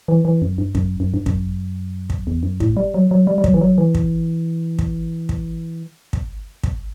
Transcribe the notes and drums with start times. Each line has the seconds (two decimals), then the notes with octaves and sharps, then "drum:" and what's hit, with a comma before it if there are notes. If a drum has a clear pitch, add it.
0.08 E3
0.25 E3
0.42 F#2
0.58 G2
0.75 F#2, drum: kick
1.00 F#2
1.14 G2
1.26 F#2, drum: kick
2.10 drum: kick
2.27 E2
2.43 F#2
2.60 A2, drum: kick
2.77 G3
2.94 F#3
3.11 F#3
3.27 G3
3.38 G3
3.44 F#3, drum: kick
3.54 E3
3.61 F#3
3.78 E3
3.95 drum: kick
4.79 drum: kick
5.29 drum: kick
6.13 drum: kick
6.64 drum: kick